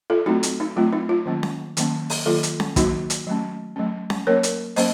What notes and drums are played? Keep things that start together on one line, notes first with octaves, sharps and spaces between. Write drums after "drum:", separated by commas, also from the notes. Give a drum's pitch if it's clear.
F4 A4
F#3 A3 C4 D#4 F#4
drum: hi-hat
D#4
F#3 A3 C4 F4
D#4
F4
D#3 F#3 A#3 C#4
drum: snare C#4
D#3 F#3 A#3 C#4, drum: hi-hat
drum: open hi-hat
D#3 F#3 A#3 F4 A4
drum: hi-hat
drum: snare C#4
D#3 F#3 A#3 D#4 F#4, drum: kick, hi-hat
drum: hi-hat
F#3 A3 C#4
F#3 A3 C#4
drum: snare C#4
F#3 A#3 C#4 A#4 C#5
drum: hi-hat
F#3 A#3 C#4 C5 D#5, drum: open hi-hat